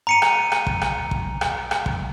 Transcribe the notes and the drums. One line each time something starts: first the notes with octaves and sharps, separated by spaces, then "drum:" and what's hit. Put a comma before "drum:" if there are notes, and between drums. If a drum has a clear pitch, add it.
A#5 C#7 D#7
drum: rim click
drum: rim click
drum: kick
drum: rim click
drum: kick
drum: rim click
drum: rim click
drum: kick